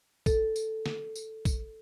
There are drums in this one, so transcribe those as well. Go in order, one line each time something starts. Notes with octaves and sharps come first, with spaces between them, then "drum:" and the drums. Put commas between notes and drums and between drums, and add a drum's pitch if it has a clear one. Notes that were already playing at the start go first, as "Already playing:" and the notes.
A4, drum: kick, tambourine
drum: tambourine
drum: snare
drum: tambourine
drum: kick, tambourine